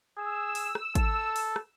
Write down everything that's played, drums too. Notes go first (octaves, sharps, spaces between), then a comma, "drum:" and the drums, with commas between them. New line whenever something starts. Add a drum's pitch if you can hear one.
G#4 E6
drum: open hi-hat
drum: rim click
A4, drum: kick G#1, hi-hat
drum: open hi-hat
drum: rim click